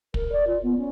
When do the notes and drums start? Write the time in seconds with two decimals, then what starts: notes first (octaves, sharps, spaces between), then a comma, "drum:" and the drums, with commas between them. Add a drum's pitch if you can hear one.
0.14 A#4, drum: kick
0.32 D5
0.47 F4
0.63 B3
0.77 C#4